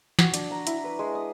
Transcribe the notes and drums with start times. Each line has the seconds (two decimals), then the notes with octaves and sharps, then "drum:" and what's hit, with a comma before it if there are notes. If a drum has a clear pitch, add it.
0.19 F#4, drum: snare
0.34 D4, drum: hi-hat
0.51 A#5
0.67 E4, drum: hi-hat
0.84 B4
0.99 G#3
1.15 D#6